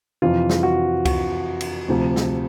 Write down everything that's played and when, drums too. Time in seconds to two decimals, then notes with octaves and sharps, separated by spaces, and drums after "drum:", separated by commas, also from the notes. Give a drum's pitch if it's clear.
0.22 F2 C3 E3 F4
0.49 drum: snare
0.63 F#4
1.05 F#4, drum: kick C#2, cymbal
1.61 drum: cymbal
1.88 D2 C3 F3
2.16 drum: snare